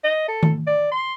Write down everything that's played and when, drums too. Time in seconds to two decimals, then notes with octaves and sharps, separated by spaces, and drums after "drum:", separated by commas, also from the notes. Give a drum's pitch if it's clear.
0.04 D#5
0.28 A4
0.43 drum: tom D#3
0.67 D5
0.92 C6